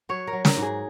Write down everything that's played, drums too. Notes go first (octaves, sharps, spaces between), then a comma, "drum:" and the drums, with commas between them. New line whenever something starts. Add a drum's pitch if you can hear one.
F#3 C#5
A#4
F#3
A#4, drum: snare
G#2
G#4